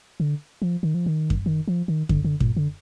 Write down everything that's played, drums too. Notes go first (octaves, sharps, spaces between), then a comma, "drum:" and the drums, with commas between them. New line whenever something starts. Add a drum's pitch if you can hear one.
D3
F3
D#3
F3
D#3
drum: kick F#2
D#3
F3
D#3
D3, drum: kick F#2
D3
A#2, drum: kick F#2
D3